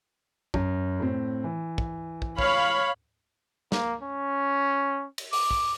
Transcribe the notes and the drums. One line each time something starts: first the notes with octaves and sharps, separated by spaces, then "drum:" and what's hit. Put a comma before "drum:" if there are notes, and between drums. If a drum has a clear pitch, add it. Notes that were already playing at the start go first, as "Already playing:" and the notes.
F#2, drum: kick
A2 C4
E3
drum: kick
drum: kick
C#5 F5 B5, drum: kick
A#3, drum: snare
C#4
drum: cymbal
D6, drum: open hi-hat
drum: kick